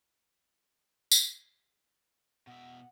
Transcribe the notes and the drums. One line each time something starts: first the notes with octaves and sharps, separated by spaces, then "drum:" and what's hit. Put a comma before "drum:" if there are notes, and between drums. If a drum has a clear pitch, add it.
drum: tambourine
B2 E5 F#5